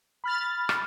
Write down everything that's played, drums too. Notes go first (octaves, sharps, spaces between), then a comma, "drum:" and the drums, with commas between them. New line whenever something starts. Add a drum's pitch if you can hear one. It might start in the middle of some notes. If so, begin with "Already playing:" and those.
B5 F6 A6
drum: rim click